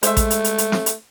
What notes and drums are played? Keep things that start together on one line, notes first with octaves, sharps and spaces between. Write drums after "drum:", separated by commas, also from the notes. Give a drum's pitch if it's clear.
G#3 A3 C5 E5, drum: hi-hat
drum: kick A1, hi-hat
drum: hi-hat
drum: hi-hat
drum: hi-hat
drum: snare
drum: hi-hat